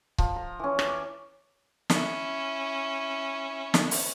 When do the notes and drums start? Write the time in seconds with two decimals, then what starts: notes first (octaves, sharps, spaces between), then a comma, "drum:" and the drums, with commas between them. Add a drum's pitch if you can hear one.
0.18 F3, drum: kick C#1
0.36 A#5
0.59 E3 C#4
0.79 drum: rim click
0.88 D6
1.90 C#4 E4, drum: snare
3.74 drum: snare
3.91 drum: open hi-hat